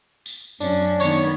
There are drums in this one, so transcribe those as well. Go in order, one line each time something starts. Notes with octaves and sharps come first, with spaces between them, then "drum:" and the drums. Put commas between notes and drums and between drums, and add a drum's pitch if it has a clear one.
drum: tambourine
F#2 C#4 D4, drum: tambourine
D#3 B3 C#5, drum: tambourine